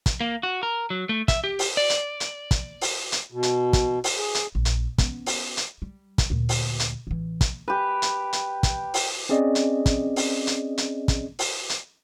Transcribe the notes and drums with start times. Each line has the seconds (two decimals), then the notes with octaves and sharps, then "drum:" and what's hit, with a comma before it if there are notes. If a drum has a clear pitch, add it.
0.06 drum: kick, hi-hat
0.21 A#3
0.43 F#4
0.63 A#4
0.90 F#3
1.09 A3
1.28 E5, drum: kick, hi-hat
1.44 G4
1.59 drum: open hi-hat
1.77 D5
1.90 drum: hi-hat
2.20 drum: hi-hat
2.51 drum: kick, hi-hat
2.81 drum: open hi-hat
3.12 drum: hi-hat
3.32 B2
3.43 drum: hi-hat
3.73 drum: kick, hi-hat
4.04 drum: open hi-hat
4.18 G#4
4.35 drum: hi-hat
4.55 A#1
4.65 drum: hi-hat
4.98 B3 C#4, drum: kick, hi-hat
5.26 drum: open hi-hat
5.57 drum: hi-hat
5.82 G3
6.18 drum: kick, hi-hat
6.30 D2 A#2
6.49 drum: open hi-hat
6.79 drum: hi-hat
7.07 A1 E3
7.41 drum: kick, hi-hat
7.68 G4 B4
8.02 drum: hi-hat
8.33 drum: hi-hat
8.63 drum: kick, hi-hat
8.94 drum: open hi-hat
9.29 C4 C#4 G#4 D5 D#5
9.55 drum: hi-hat
9.86 drum: kick, hi-hat
10.16 drum: open hi-hat
10.47 drum: hi-hat
10.78 drum: hi-hat
11.08 drum: kick, hi-hat
11.39 drum: open hi-hat
11.69 drum: hi-hat